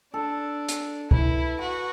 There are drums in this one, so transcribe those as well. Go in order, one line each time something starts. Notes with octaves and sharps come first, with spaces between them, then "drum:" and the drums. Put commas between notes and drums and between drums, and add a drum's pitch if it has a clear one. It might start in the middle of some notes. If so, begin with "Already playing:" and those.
D4 A4
drum: hi-hat
E4 B4, drum: kick C2
F#4